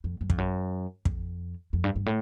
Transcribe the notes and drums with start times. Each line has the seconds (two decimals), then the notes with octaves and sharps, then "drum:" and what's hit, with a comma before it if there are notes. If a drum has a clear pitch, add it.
0.04 F2
0.21 F#2
0.30 F2, drum: kick
0.38 F#2
1.05 F2, drum: kick
1.73 F2
1.84 G2
1.96 G2
2.06 A2